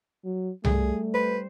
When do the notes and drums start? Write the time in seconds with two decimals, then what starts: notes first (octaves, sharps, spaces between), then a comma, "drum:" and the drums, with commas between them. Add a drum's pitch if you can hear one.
0.25 F#3
0.65 G3 A3 G#4, drum: tom C2
1.14 B4 C5